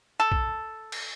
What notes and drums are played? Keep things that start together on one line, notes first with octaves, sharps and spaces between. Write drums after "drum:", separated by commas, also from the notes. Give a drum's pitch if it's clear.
A4
drum: kick A#1
drum: cymbal